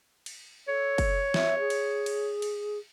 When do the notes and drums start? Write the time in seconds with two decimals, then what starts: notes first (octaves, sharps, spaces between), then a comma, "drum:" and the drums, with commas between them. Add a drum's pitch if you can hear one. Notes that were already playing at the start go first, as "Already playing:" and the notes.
0.26 drum: cymbal
0.68 A4 C#5
0.98 drum: kick F#1, cymbal
1.34 E5, drum: snare
1.59 G#4
1.70 drum: cymbal
2.06 drum: cymbal
2.42 drum: cymbal